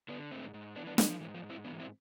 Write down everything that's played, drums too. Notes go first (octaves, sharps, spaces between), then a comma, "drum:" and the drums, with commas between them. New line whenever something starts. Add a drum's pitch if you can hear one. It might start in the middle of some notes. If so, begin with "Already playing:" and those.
D3 B3 D4
G#2 A3 C4
G#2
E3 B3 D4
B3 D4
E3 G#3 B3, drum: snare
F3
G#2 E3
F3
G#2
C4 E4
E3 B3 D4
C4 E4